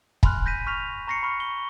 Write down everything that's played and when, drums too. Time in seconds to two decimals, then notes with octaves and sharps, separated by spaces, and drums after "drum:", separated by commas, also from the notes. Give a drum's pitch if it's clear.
0.23 G#5 B5 C6 F6 F#6, drum: kick
0.46 G6 A#6 B6 D#7
0.67 C#6 F6 B6 F7
1.07 A#5 C#6 A#6 C7 C#7
1.23 B5 C#6 F6
1.40 G7